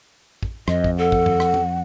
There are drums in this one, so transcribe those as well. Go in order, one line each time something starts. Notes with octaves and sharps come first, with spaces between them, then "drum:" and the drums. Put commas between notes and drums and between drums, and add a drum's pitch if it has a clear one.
drum: kick
F2 D#5, drum: rim click
drum: kick
A4 F#5
drum: kick
drum: tom F#2
drum: rim click
drum: tom F3